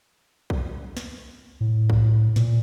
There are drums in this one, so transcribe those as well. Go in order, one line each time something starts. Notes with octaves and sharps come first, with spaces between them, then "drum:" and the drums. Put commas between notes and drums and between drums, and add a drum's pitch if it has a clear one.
drum: kick B1
drum: snare
A2
drum: kick B1
A#2, drum: snare